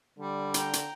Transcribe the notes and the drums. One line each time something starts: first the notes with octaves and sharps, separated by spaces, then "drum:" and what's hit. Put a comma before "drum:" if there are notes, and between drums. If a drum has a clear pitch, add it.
D3 G3
G5 A#5, drum: hi-hat
drum: hi-hat